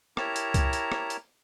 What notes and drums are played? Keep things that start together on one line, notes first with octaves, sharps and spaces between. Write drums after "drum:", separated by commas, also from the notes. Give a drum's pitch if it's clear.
E4 G4 A#4 C#5 A5 A#5, drum: rim click
drum: hi-hat
drum: kick C2, hi-hat
drum: hi-hat
drum: rim click
drum: hi-hat